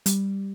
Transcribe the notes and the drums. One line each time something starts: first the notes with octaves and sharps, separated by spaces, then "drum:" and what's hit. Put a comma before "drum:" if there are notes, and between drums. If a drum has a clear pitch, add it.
G3, drum: hi-hat